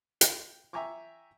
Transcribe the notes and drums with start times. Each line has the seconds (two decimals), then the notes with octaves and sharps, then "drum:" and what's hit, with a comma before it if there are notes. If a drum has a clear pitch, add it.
0.21 G5, drum: hi-hat
0.73 E5 G5 G#5 A#5 C#6 D6